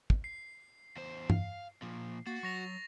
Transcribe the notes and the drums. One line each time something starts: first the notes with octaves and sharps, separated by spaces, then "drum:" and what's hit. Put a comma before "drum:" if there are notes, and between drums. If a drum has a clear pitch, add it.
drum: kick
C7
E2 C5
F5, drum: tom G2
A#2 F3
A#3 F#4 A6 C7
F#3 C#6 A#6 F7